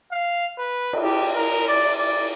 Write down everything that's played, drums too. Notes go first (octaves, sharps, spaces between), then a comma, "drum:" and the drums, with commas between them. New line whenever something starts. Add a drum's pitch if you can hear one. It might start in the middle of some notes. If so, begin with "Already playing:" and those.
F5
B4
drum: cymbal
G4
A#4
D5
D5